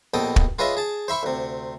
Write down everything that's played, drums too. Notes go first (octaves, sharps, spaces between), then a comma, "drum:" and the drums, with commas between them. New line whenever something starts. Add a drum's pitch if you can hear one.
A#1 B2 A4 G5 D#6
drum: kick
F4 G#4 B4 C#5 D#5 E5
G#4 A5
C5 E5 B5 C#6
D2 C3